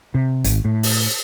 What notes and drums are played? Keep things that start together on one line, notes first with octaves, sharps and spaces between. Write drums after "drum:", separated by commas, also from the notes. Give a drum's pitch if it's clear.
C3
G#1, drum: hi-hat
A2
drum: open hi-hat